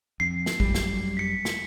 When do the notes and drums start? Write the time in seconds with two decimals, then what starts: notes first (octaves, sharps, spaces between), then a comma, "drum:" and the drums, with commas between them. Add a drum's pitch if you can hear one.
0.20 F2 C7
0.46 drum: snare
0.60 F#2 G3, drum: kick
0.75 drum: snare
1.17 B6 C#7
1.45 drum: snare